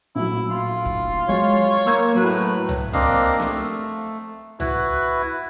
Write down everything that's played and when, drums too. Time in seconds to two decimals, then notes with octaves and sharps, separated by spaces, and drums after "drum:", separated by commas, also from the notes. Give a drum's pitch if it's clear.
0.15 A#1 A2 F#3 E4
0.51 F4
0.86 drum: kick
1.28 F#3 G#3 C#5
1.86 A#3 E6 G#6, drum: hi-hat
2.16 A2 F#3 B4
2.69 drum: tom C2
2.93 A#3 C4 D4 D#5 F5, drum: tom C2
3.24 drum: hi-hat
3.40 A3, drum: snare
4.60 E4 F#4 B4, drum: tom C2